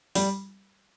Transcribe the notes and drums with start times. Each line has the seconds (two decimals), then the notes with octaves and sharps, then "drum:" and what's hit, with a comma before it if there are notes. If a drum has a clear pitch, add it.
0.15 G3, drum: open hi-hat